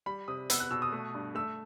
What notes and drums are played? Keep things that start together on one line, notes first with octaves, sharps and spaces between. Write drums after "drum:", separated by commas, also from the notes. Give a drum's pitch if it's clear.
G3 B5
C3 D#6
B3 E6, drum: hi-hat
F#6
B2 E6
D#6
A3
G2
A3 E6